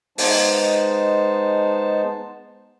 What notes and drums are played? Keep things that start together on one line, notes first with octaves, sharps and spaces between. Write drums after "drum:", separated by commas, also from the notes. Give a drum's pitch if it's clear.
G#3 B3 D#4 C5 A5, drum: open hi-hat